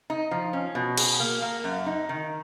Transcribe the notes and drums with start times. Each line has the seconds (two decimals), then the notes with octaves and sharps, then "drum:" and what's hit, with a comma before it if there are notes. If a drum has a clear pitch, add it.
0.10 D#4
0.31 F3
0.53 C#4
0.75 B2
0.97 G#4, drum: cymbal
1.20 A#3
1.42 A#3
1.64 F#2
1.86 D#4
2.09 D#3